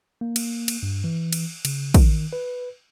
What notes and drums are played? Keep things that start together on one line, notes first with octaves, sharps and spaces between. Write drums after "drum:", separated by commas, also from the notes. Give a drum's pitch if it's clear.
A#3
drum: cymbal
drum: cymbal
G2
E3
drum: cymbal
C#3, drum: cymbal
D#3, drum: kick, cymbal
B4